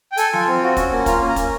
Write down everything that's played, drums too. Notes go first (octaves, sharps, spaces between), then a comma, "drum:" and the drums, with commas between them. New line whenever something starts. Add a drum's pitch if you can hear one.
G5
A4 G#5, drum: hi-hat
F4, drum: tom F3
C4
F#4
C#4, drum: kick, hi-hat
A#3
F4 A#5, drum: kick, hi-hat
C#4
A#5
A#3, drum: kick, hi-hat